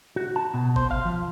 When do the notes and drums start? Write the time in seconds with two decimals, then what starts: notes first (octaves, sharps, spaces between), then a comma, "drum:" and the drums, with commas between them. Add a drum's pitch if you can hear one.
0.16 F#4
0.36 A5
0.54 B2
0.76 C5, drum: kick G1
0.91 F5
1.05 F3